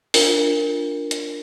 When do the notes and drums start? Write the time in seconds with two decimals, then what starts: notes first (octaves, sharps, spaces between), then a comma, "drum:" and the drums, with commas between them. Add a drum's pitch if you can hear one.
0.14 D4 F4 A#4 G7, drum: open hi-hat
1.11 drum: hi-hat